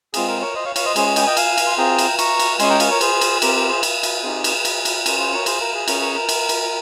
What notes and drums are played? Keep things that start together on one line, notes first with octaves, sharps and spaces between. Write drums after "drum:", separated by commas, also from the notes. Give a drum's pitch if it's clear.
G#3 C4 F4 G#4, drum: cymbal
A#4
A#4 C#5
C5 D#5
C#5 F5
C#5 F5, drum: cymbal
C5 D#5
G#3 C#4 G#4 C5, drum: cymbal
G#4
D#5 G5, drum: cymbal
G#5
D#5 G5
F5 G#5, drum: cymbal
drum: cymbal
C6
C4 F4 G#4 G5 A#5
drum: cymbal
A#5 C#6, drum: cymbal
drum: cymbal
G#3 C#4 G#4 G#5 C6, drum: cymbal
G5 A#5
F5 G#5, drum: cymbal
A#4 C#5
G#4 C5, drum: cymbal
drum: cymbal
C4 G4 A#4, drum: cymbal
A#4
G#4 C5
drum: cymbal
drum: cymbal
C4 D#4 G4 G#4
drum: cymbal
drum: cymbal
drum: cymbal
C#4 F4 G#4 A#4, drum: cymbal
G#4 C5
A#4 C#5
G#4 C5, drum: cymbal
A#4
G#4
C#4 G#4 A#4, drum: cymbal
A#4 C#5
A#4
drum: cymbal
drum: cymbal